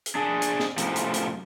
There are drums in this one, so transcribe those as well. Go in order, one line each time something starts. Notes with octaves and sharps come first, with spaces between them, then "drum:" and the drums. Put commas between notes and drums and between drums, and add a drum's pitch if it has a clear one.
drum: hi-hat
D4 G#4
drum: hi-hat
drum: snare
F#2 A2 C3 F3, drum: hi-hat
drum: hi-hat
drum: hi-hat